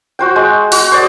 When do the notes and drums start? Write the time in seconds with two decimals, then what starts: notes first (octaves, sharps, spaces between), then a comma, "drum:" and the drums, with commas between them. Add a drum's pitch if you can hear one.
0.19 F#4 C5 G5
0.36 G#3
0.72 F#4, drum: open hi-hat
0.92 C5 D5 D#5